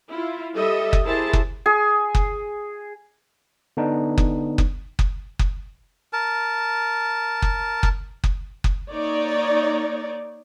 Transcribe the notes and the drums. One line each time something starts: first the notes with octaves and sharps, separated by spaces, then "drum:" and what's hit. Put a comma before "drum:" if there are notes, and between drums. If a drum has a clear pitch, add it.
E4 F4
G3 A4 D#5 E5
drum: kick F#1
E4 G4 G#4 A#4 C5 A5
drum: kick F#1
G#4
drum: kick F#1
D3 B3 D4 D#4
drum: kick F#1
drum: kick F#1
drum: kick F#1
drum: kick F#1
A#4 A5
drum: kick F#1
drum: kick F#1
drum: kick F#1
drum: kick F#1
A#3 D#4 C#5 D5